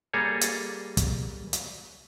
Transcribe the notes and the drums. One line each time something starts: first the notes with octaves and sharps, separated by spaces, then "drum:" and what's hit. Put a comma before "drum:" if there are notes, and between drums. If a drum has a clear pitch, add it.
G3 A#3 G#4 A4 C#5
drum: hi-hat
drum: kick, hi-hat
drum: hi-hat